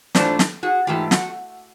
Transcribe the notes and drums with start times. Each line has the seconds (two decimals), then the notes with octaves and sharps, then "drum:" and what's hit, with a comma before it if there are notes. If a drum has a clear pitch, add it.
0.15 G#2 E3 A3 D4 F4 C5 D5, drum: snare
0.39 drum: snare
0.63 F#4 G#4
0.87 G#2 E3 A3 F4 G4
1.11 F#4, drum: snare